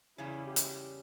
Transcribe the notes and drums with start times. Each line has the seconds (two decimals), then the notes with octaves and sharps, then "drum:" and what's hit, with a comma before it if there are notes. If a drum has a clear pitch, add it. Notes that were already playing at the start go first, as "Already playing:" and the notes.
0.18 E2 C#3 G3 C#4 E4
0.46 G4
0.56 drum: hi-hat